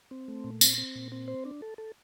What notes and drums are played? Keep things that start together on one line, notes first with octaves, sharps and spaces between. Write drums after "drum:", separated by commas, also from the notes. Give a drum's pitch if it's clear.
C4
A3
A#2
C4, drum: tambourine
C4
A#2
C4
C5
D4
A4
A4